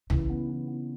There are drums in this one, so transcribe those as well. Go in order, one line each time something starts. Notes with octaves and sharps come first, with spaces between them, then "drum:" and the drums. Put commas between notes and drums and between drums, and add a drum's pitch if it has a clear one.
C#3 E3, drum: tom A#1
B3
E3
B3